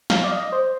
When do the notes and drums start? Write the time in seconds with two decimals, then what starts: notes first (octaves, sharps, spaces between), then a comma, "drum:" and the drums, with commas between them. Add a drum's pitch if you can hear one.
0.10 F5, drum: snare
0.24 D5
0.32 D#5
0.52 C5